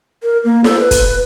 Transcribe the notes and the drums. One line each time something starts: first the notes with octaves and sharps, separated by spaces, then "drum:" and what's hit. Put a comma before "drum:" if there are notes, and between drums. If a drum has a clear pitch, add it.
A#4
A#3
A4, drum: snare
B4
drum: kick, hi-hat